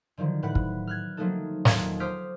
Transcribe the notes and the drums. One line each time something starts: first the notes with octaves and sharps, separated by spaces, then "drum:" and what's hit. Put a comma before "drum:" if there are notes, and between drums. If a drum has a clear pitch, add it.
D3 D#3 F3 F#3
A2 B4 F#5 F#6
drum: kick
F6 F#6 G#6
F3 F#3 A3 A#3 D#4 A4
D#1 D#2 D#3 A4 F5 G#6, drum: snare
C5 D6 D#6 F6 G6 B6